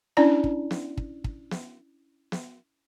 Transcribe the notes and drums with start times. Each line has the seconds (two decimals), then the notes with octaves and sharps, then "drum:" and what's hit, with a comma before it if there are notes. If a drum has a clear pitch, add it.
0.17 C#4 D4 E4 D5 A#5
0.44 drum: kick
0.71 drum: snare
0.97 drum: kick
1.24 drum: kick
1.51 drum: snare
2.32 drum: snare